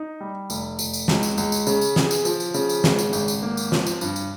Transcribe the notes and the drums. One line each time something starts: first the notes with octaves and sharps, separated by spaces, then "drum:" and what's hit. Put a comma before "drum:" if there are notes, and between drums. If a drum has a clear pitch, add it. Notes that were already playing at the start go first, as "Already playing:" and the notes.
Already playing: D#4
G3
F1, drum: tambourine
F1, drum: tambourine
drum: tambourine
C#2, drum: snare
drum: tambourine
C#2, drum: tambourine
drum: tambourine
C#3, drum: tambourine
drum: tambourine
G#4, drum: snare
drum: tambourine
F3, drum: tambourine
drum: tambourine
C#3, drum: tambourine
drum: tambourine
G#1, drum: snare
drum: tambourine
G#1, drum: tambourine
drum: tambourine
A#3
drum: tambourine
F3, drum: snare
drum: tambourine
G2, drum: tambourine
drum: tambourine